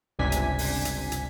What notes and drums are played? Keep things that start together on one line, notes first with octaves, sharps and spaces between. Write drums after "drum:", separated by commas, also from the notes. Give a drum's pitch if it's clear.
G1 C#2 C3 D4 G#5 B6
drum: hi-hat
drum: open hi-hat
drum: hi-hat
drum: hi-hat